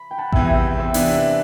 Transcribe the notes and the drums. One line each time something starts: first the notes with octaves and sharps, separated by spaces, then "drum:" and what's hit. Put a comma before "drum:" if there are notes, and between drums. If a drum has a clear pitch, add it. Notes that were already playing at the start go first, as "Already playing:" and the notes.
Already playing: B5
G5
F#5 A5
E2 C3 E3 E5 G5, drum: kick A1
E5 G5
C5 E5
C3 E3 B3 D4, drum: open hi-hat